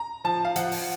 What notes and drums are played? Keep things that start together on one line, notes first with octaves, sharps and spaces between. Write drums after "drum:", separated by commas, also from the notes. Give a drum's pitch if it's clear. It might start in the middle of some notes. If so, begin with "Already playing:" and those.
Already playing: A#5
F3 A5
F5
F3 F#5, drum: hi-hat
drum: open hi-hat